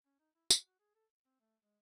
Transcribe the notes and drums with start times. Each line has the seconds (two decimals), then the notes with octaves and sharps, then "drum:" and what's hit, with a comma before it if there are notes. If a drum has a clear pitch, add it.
0.06 C#4
0.19 D#4
0.35 E4
0.50 F#4, drum: tambourine
0.66 F#4
0.80 G#4
0.95 A4
1.25 C4
1.40 A3
1.63 G#3